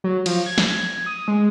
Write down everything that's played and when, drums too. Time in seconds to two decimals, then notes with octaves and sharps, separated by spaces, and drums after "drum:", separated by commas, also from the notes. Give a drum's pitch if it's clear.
0.04 F#3
0.26 F3, drum: cymbal
0.46 G#6
0.58 drum: snare
1.06 D#6
1.28 G#3